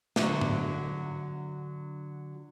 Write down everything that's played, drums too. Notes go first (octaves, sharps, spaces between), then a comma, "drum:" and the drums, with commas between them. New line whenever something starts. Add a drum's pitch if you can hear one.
D3 F#3, drum: snare
drum: tom G#2